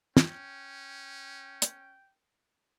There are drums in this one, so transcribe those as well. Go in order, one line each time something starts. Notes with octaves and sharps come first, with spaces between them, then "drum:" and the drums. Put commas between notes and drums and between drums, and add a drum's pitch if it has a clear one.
C#4 G5, drum: snare
drum: hi-hat